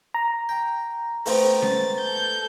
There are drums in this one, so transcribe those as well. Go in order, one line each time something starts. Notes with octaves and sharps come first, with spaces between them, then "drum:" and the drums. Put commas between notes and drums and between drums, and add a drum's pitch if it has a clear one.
A#5
G5
A3 B3 C4, drum: open hi-hat
A6, drum: snare C#4
A4 G6